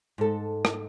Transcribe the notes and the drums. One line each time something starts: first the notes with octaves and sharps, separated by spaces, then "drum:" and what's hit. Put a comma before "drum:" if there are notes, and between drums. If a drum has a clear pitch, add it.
G#2 A4
drum: rim click